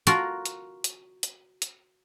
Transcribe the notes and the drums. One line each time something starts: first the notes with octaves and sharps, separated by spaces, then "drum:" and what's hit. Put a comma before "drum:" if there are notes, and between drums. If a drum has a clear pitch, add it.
F4 F#4 A#4, drum: hi-hat
drum: hi-hat
drum: hi-hat
drum: hi-hat
drum: hi-hat